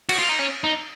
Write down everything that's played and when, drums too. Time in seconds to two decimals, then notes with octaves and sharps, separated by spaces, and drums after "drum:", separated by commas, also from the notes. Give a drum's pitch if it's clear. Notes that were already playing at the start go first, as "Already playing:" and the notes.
0.09 F#4, drum: cymbal
0.19 F4
0.29 D#4
0.39 C#4
0.64 D#4